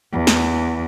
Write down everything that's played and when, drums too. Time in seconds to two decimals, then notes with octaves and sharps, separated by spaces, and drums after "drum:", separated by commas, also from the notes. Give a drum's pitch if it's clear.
0.13 E2
0.27 drum: snare